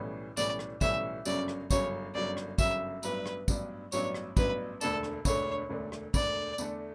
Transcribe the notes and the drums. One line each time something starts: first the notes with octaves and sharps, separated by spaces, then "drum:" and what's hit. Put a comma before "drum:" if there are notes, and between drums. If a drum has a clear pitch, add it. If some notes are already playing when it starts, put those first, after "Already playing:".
Already playing: B1 A2 E3 G3 C#4
B1 A2 E3 G3 C#4 D5, drum: tambourine
drum: rim click
B1 A2 E3 G3 C#4 E5, drum: kick, tambourine
G1 F#2 C#3 F#3 C#4 D5, drum: tambourine
drum: rim click
G1 F#2 C#3 F#3 C#4 C#5, drum: kick, tambourine
G1 F#2 C#3 F#3 C#4 D5
drum: rim click
G1 F#2 C#3 F#3 C#4 E5, drum: kick, tambourine
A1 G2 F#3 B3 D4 B4, drum: tambourine
drum: rim click
A1 G2 F#3 B3 D4, drum: kick, tambourine
A1 G2 F#3 B3 D4 C#5, drum: tambourine
drum: rim click
A1 G2 F#3 B3 D4 B4, drum: kick, tambourine
E1 D2 D3 A3 D4 A4, drum: tambourine
drum: rim click
E1 D2 D3 A3 D4 C#5, drum: kick, tambourine
E1 D2 D3 A3 D4
drum: rim click
E1 D2 D3 A3 D4 D5, drum: kick, tambourine
E2 D3 A3 D4 A4, drum: tambourine